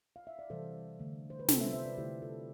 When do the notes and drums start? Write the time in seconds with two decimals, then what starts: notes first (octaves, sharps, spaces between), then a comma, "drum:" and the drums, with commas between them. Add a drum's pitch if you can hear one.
0.16 F5
0.27 E5
0.39 D5
0.50 C3 E3 G3 A4 C5
0.99 D3 A3
1.30 C5
1.39 B4
1.48 C3 G3 F4 A4, drum: snare
1.61 C5 E5
1.73 C5 E5
1.85 B4 D5
1.97 D3 A3 E4 G4
2.22 F4 A4